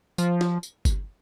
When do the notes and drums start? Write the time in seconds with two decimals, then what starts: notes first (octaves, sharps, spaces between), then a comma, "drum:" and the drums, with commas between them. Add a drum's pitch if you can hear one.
0.18 F3, drum: tambourine
0.41 drum: snare
0.63 drum: tambourine
0.85 drum: kick G1, tambourine